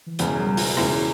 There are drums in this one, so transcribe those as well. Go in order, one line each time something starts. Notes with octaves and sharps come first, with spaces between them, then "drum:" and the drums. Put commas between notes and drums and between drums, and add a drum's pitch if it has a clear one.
E3
E1 E2 C#3 F3, drum: hi-hat
G3
F4, drum: open hi-hat
F4
E1 E2 C#3 E4, drum: rim click
E4